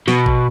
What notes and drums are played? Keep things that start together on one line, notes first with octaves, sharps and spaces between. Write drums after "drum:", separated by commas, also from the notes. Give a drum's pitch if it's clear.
B2, drum: snare
drum: kick A1